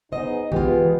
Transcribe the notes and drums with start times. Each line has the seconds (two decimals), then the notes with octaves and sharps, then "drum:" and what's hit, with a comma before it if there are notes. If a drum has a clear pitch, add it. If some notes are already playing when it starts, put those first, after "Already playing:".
0.12 B3 D#4 G#4 C5 D#5
0.52 E3 G#3 B3 F4 G4, drum: kick A#1